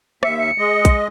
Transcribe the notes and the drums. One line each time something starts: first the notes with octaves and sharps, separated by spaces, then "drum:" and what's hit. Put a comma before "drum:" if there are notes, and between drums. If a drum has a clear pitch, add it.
D#2 E5 C#7, drum: rim click
C#7
G#3 D#5
drum: kick A#1, hi-hat